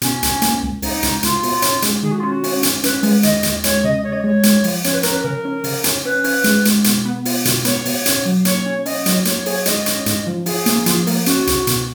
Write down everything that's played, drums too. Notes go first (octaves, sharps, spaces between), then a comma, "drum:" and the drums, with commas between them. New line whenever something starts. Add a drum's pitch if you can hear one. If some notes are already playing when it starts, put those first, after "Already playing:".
B2 C#4, drum: hi-hat
C#2, drum: hi-hat
A#3, drum: hi-hat
C#2
C#2 D#4, drum: open hi-hat
C#2, drum: hi-hat
C#2 F4, drum: hi-hat
B2, drum: open hi-hat
C#4, drum: hi-hat
G#3, drum: hi-hat
D#3 G#4
F#4
F4
C#4 F#4
C#4, drum: open hi-hat
C#4, drum: hi-hat
C#4 B4, drum: hi-hat
G#3, drum: open hi-hat
D#2 D#5, drum: hi-hat
D#2, drum: hi-hat
G#3 C#5, drum: hi-hat
C#3 D#5
C#3 C#5
D#5
G#3 C#5
G#3, drum: hi-hat
F3, drum: open hi-hat
C#4 C#5, drum: hi-hat
B4
C#4 A#4, drum: hi-hat
B4
C#3 A#4
C#4
C#3, drum: open hi-hat
C#4, drum: hi-hat
C#4 B4
C#4, drum: open hi-hat
G#3, drum: hi-hat
G#3, drum: hi-hat
B2, drum: hi-hat
B3
F4, drum: open hi-hat
B2, drum: hi-hat
B3 C#5, drum: hi-hat
B2, drum: open hi-hat
C#4, drum: hi-hat
F#3
A#3 C#5, drum: hi-hat
C#4
C#4 D#5, drum: open hi-hat
F#3, drum: hi-hat
A#3 C#5, drum: hi-hat
G#4 C#5, drum: open hi-hat
G#2 D#5, drum: hi-hat
C#4, drum: hi-hat
G#2, drum: hi-hat
F3
F3 G#4, drum: open hi-hat
A#3, drum: hi-hat
F3, drum: hi-hat
A#3, drum: open hi-hat
C#4 F#4, drum: hi-hat
C#2, drum: hi-hat
B2, drum: hi-hat